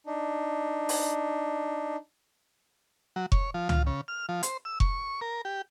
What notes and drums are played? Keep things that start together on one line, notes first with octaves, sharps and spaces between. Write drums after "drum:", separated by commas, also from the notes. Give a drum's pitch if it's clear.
D4 D#4
drum: open hi-hat
F#3
C#5, drum: kick F1
F3
F4, drum: tom
C#3
F6
F3
C5, drum: hi-hat
E6
C#6, drum: kick F1
A#4
G4